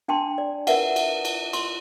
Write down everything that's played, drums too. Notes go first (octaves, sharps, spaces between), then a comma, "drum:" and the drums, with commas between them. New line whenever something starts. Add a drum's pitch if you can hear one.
D4 G5 A5 C6
D5
A#4 B4 E5 F#5, drum: cymbal
drum: cymbal
drum: cymbal
C6, drum: cymbal